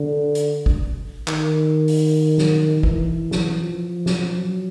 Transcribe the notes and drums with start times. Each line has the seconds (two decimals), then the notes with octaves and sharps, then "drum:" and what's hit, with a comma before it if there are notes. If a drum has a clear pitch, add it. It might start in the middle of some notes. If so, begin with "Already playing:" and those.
Already playing: D3
0.35 drum: hi-hat
0.66 drum: kick
1.28 D#3, drum: clap
1.88 drum: open hi-hat
2.38 drum: snare
2.83 E3, drum: kick
3.31 drum: snare
3.60 F3
4.06 drum: snare
4.39 F#3